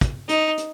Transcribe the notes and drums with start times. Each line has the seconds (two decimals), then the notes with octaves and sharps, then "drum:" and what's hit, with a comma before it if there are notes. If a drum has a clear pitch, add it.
0.01 drum: kick, hi-hat
0.29 D#4, drum: hi-hat
0.58 drum: hi-hat